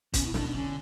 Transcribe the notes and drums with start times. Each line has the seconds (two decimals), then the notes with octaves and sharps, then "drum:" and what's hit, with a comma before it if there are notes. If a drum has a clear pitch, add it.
0.14 B2 C#4, drum: kick, hi-hat
0.26 E4
0.34 B2 D4, drum: snare
0.49 D4
0.54 D3 C#4